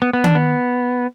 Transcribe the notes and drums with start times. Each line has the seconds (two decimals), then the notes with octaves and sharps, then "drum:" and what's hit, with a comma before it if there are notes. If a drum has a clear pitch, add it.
0.02 B3
0.13 B3
0.24 D4, drum: tom D#3
0.35 B3